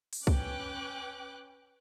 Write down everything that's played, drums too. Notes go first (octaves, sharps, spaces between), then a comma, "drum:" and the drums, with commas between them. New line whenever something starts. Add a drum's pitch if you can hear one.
drum: open hi-hat
C#4 B4 G5 D6 F#6, drum: kick C2